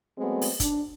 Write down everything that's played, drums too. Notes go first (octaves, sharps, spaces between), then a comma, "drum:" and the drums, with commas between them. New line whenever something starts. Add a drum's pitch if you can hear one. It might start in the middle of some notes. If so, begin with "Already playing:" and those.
F#3 G#3 A3 B3 C4
drum: open hi-hat
D4, drum: kick, hi-hat